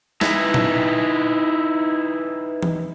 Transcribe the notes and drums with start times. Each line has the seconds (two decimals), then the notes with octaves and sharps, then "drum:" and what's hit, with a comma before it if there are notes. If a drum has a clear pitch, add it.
0.21 D#4 E4 B4, drum: snare
0.54 drum: tom A#2
2.63 drum: tom E3